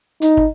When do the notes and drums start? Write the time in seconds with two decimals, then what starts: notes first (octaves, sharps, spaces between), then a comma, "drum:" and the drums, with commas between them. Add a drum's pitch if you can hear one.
0.22 D#4, drum: hi-hat
0.37 drum: kick